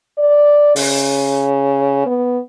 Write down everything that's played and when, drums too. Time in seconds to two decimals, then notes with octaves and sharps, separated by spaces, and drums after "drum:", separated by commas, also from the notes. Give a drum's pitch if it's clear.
0.18 D5
0.76 C#3, drum: open hi-hat
2.06 B3